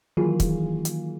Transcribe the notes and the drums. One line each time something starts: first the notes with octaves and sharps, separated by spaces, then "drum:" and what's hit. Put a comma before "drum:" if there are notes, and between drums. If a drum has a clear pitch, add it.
D#3 E3 F#3 A#3 F4 G#4
drum: kick, hi-hat
drum: hi-hat